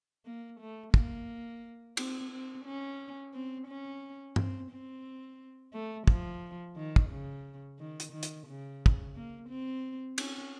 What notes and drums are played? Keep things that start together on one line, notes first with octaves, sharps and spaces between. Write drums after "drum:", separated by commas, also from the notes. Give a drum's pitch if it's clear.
A#3
A3
A#3, drum: kick
C4, drum: cymbal
C4
C#4
C4
C#4
C4, drum: tom
C4
A3
F3, drum: kick
D#3
drum: kick
C#3
D#3
drum: hi-hat
D#3
drum: hi-hat
C#3
drum: kick
A#3
C4
C#4, drum: cymbal